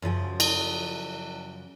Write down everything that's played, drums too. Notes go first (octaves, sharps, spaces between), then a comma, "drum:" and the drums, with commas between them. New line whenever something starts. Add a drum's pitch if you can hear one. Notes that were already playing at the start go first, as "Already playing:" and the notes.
F#2 C#3 F3 F#4
drum: cymbal